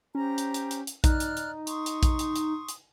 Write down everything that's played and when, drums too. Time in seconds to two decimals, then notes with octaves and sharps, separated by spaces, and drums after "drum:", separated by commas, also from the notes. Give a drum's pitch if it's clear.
0.15 C#4 G4 C5 A#5
0.38 drum: hi-hat
0.54 drum: hi-hat
0.71 drum: hi-hat
0.87 drum: hi-hat
1.04 D#4 D5 F6 F#6, drum: kick A#1, hi-hat
1.20 drum: hi-hat
1.37 drum: hi-hat
1.67 C6 C#6 D#6, drum: hi-hat
1.86 drum: hi-hat
2.03 drum: kick A#1, hi-hat
2.19 drum: hi-hat
2.36 drum: hi-hat
2.68 drum: hi-hat